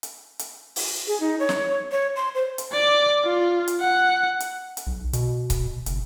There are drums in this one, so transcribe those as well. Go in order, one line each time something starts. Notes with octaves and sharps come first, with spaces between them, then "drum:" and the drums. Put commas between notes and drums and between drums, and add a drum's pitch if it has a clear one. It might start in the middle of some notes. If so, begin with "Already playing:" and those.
drum: hi-hat
drum: hi-hat
drum: open hi-hat
G#4
D#4
C#5
drum: snare
C#5
C6
C5
drum: hi-hat
D5 D6
F4
drum: hi-hat
F#5
drum: hi-hat
drum: hi-hat
B1
B2, drum: hi-hat
drum: kick C#1, hi-hat
F#1, drum: hi-hat